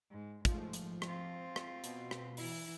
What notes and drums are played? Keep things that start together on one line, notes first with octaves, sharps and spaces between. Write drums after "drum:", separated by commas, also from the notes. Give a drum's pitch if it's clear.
G#2
G#2 F3 A3, drum: kick, hi-hat
drum: hi-hat
C4 F4, drum: rim click
drum: rim click
B2, drum: hi-hat
drum: rim click
E3 E4, drum: open hi-hat